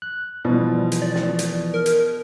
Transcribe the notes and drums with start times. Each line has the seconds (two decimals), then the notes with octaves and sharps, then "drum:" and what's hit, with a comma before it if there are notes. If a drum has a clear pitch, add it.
0.02 F#6
0.45 B2 E3 F3 G3
0.92 drum: hi-hat
1.02 D5
1.15 drum: snare
1.39 drum: hi-hat
1.74 A#4
1.86 drum: hi-hat